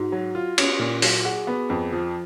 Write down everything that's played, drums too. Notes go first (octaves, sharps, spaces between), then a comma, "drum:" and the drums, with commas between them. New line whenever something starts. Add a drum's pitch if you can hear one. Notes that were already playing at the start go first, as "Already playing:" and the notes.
Already playing: G#2 F#4
F#3
F4
C#4, drum: cymbal
A#2
F#3, drum: open hi-hat
F#4 G#4
B3
F2
F3